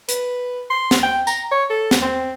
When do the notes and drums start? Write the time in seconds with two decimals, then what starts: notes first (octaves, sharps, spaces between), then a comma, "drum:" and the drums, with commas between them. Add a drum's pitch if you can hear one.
0.09 B4, drum: hi-hat
0.70 C6
0.91 drum: snare
1.03 G5
1.27 A#5, drum: tambourine
1.51 C#5
1.70 A4
1.91 drum: snare
2.02 C4